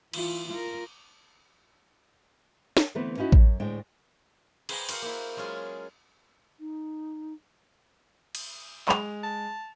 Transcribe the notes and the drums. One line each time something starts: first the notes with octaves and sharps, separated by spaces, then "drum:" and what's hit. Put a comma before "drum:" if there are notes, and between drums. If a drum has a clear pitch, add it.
E3 F4, drum: cymbal
F4 A#4
drum: snare
D3 E3 A3 B3 C4 B4
C#4 D#4 E4 F#4
F#2, drum: kick A1
D2 A2 G#3 D4 G5
G#4 B4 C5 G5 G#5 A#5, drum: cymbal
F#4 A#4 C5 F5 F#5, drum: cymbal
A#3 E4
F#3 G#3 C#4 F4 G#4
D#4
drum: cymbal
G#3 F7, drum: clap
A5